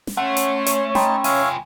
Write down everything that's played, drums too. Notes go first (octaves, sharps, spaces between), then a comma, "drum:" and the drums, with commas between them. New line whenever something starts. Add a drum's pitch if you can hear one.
drum: snare
A3 C#4 F#5 C6
drum: hi-hat
C#5, drum: hi-hat
D#4 G5 A5 B5 C6, drum: snare
F4 C#5 E5 F5 G#5, drum: open hi-hat